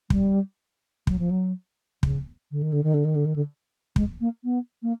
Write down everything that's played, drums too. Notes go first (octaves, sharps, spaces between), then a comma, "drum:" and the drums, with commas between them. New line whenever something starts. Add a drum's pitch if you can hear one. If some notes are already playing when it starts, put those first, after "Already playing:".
G3, drum: kick
F#3, drum: kick
F3
F#3
C#3, drum: kick
D3
D#3
D3
D#3
D3
D#3
D3
D#3
D3
G#3, drum: kick
A#3
B3
A#3